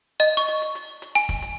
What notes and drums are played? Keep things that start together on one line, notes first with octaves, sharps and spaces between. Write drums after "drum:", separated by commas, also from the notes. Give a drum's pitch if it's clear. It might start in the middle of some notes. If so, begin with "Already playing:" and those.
D#5
C#6, drum: hi-hat
drum: hi-hat
drum: hi-hat
drum: hi-hat
drum: hi-hat
G#5, drum: hi-hat
drum: kick, hi-hat
drum: hi-hat